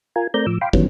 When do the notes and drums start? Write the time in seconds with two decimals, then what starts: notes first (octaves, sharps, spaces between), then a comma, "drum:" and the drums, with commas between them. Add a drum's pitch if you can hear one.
0.16 F4 A#4 G#5
0.34 A3 C4 A#4 D5 A#5 G6
0.47 A2 F3 D6 E6
0.61 F5 G5 B5 C6 D6
0.73 D#3 E3 F#3 G3 B3 C#4, drum: kick